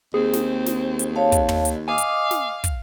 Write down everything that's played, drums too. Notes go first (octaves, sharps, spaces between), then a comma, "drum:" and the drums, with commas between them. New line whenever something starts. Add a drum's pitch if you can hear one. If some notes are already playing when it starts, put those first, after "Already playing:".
D#2 C4 G#4
drum: snare
drum: snare
drum: hi-hat
C#5 F5 A5
drum: kick, hi-hat
drum: tom
drum: hi-hat
D#5 F5 G#5 D6 D#6
drum: hi-hat
drum: snare
drum: kick, hi-hat